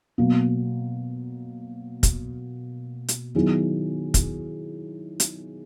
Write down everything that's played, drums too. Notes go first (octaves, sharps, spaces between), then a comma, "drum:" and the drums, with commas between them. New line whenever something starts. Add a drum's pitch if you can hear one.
B2 F#3 A#3
drum: kick, hi-hat
drum: hi-hat
D#3 F#3 B3 E4 G#4
drum: kick, hi-hat
drum: hi-hat